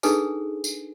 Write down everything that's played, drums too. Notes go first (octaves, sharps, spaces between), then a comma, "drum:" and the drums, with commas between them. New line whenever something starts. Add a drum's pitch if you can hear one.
D4 D#4 G#4 A4 B4 G#5, drum: tambourine
drum: tambourine